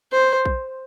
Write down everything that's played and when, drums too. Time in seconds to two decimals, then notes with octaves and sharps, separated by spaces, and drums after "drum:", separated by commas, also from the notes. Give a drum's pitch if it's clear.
0.12 C5
0.45 drum: kick A#1